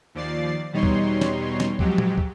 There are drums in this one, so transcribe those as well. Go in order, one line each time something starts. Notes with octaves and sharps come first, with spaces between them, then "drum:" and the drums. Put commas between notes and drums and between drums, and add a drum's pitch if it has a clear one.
D#2 F3 D5 A6 C7
E2 B2 G3 D#4 C#5 C6
drum: kick
drum: snare
drum: snare
F2 G#2 F#3 G4, drum: kick
drum: tom A#2
drum: kick